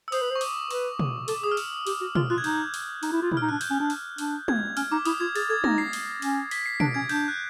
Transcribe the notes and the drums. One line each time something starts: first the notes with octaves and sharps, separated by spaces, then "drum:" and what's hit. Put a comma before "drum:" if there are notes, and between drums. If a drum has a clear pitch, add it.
E6
C5 D#6, drum: open hi-hat
B4
C5
C#6
D6, drum: open hi-hat
B4 C#6, drum: open hi-hat
drum: tom
A4 D6, drum: open hi-hat
G#4 D#6
F6
E6, drum: open hi-hat
G4, drum: open hi-hat
F#4
F4 F6, drum: tom
F4 F#6
G#6
D#4 G6, drum: open hi-hat
drum: open hi-hat
D#4, drum: open hi-hat
E4
F4
E4, drum: tom
D#4 F6
D4 F#6
G6, drum: open hi-hat
C#4
D4
drum: open hi-hat
D4, drum: open hi-hat
G#6, drum: tom
C#4 F6, drum: open hi-hat
D#4 D6
E4 D#6, drum: open hi-hat
F4 G#6
G#4 A6, drum: open hi-hat
A4 G#6
D#4 A#6, drum: tom
C7
drum: open hi-hat
C#4, drum: open hi-hat
B6, drum: open hi-hat
C7
D4 D7, drum: tom
C#4 G#6
D4 G6, drum: open hi-hat
F#6